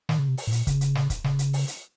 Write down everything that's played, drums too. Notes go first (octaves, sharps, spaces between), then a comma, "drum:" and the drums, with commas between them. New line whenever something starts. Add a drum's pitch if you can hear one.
D#3, drum: snare
C#3
C3
drum: open hi-hat
A2
A#2, drum: hi-hat
C#3, drum: kick, hi-hat
drum: hi-hat
drum: snare
drum: kick, hi-hat
C#3, drum: snare
drum: hi-hat
drum: open hi-hat
drum: hi-hat